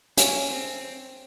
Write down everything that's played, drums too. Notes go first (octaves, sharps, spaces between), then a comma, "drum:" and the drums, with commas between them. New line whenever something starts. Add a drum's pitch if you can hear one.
C#4, drum: hi-hat
C4